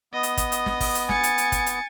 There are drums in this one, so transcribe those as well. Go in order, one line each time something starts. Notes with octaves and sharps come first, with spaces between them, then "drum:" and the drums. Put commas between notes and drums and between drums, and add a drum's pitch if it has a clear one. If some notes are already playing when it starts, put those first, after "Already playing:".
B3 D#5
drum: hi-hat
drum: kick, hi-hat
drum: hi-hat
drum: snare
drum: kick, open hi-hat
drum: hi-hat
G#5 A6 C#7, drum: snare
drum: hi-hat
drum: hi-hat
drum: kick, hi-hat
drum: hi-hat